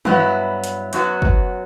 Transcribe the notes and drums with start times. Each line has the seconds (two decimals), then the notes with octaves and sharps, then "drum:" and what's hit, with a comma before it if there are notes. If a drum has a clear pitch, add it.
0.05 G2 F#3 B3 E4, drum: tom D#3
0.64 drum: hi-hat
0.93 F#2 F#3 B3 F#4, drum: hi-hat
1.22 drum: kick